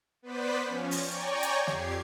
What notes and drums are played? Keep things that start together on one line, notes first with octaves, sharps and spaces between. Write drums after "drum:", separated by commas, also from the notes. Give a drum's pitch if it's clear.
B3 B4 C5 D5 B6
F3 C#4
drum: open hi-hat
C#5 D5 G5 G#5 A#5 C#6
drum: hi-hat
F2 G4 G#6 C7, drum: snare